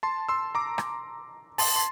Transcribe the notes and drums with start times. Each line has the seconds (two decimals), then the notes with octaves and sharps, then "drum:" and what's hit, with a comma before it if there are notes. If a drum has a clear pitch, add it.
0.03 A5 C6
0.29 C6 E6
0.55 A#5 D6
0.78 drum: rim click
1.58 A5 C6, drum: open hi-hat
1.76 C6